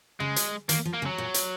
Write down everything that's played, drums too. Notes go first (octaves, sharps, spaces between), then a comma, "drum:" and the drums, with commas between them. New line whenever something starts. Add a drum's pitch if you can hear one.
C#3 G#3
drum: hi-hat
D#3 A#3, drum: hi-hat
F3
A#3
C#3
F#3
A#2
drum: hi-hat